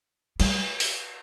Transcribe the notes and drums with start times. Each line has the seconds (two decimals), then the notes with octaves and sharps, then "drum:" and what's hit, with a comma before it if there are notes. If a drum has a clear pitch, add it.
0.40 G3, drum: cymbal
0.80 drum: open hi-hat